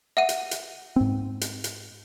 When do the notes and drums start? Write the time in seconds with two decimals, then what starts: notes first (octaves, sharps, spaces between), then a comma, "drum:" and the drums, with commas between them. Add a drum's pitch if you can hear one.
0.17 E5 F#5 D#7
0.29 drum: hi-hat
0.51 drum: hi-hat
0.96 G#2 C4
1.41 drum: hi-hat
1.64 drum: hi-hat